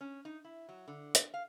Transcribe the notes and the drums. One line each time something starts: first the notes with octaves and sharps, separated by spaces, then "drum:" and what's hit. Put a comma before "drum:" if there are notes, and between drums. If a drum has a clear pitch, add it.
C#4
D#4
E4
F#3
D3
drum: hi-hat
F5